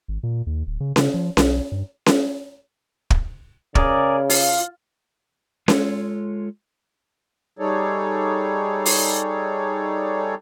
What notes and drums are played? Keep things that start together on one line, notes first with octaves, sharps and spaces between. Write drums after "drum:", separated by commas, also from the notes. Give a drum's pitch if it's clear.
G#1
A#2
D#2
D1
C#3
C#3, drum: snare C#4
F3
B1, drum: snare C#4
G2
drum: snare C#4
drum: kick
C#3 G#4 A#4 D5, drum: kick
F4, drum: open hi-hat
G#3 F4 A4 C#5, drum: snare C#4
G3 D#4 G#4 A4 C#5 D5
drum: open hi-hat